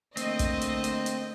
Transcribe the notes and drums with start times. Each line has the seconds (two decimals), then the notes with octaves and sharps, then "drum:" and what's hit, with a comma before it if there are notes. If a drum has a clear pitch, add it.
0.17 D3 A3 A#3 C4 D#5, drum: hi-hat
0.39 drum: kick, hi-hat
0.62 drum: hi-hat
0.84 drum: hi-hat
1.06 drum: hi-hat